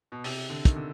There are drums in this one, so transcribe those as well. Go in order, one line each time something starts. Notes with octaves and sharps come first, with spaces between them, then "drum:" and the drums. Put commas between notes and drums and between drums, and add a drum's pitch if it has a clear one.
B2
C3, drum: open hi-hat
D3
D#3, drum: kick, hi-hat
D3